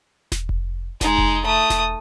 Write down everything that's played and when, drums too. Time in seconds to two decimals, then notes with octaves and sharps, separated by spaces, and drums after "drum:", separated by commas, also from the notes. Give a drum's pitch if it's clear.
0.32 drum: snare E1
0.49 drum: kick F1
1.01 G#3 D#4, drum: snare E1
1.18 drum: kick F1
1.45 A3 D#6
1.70 drum: snare E1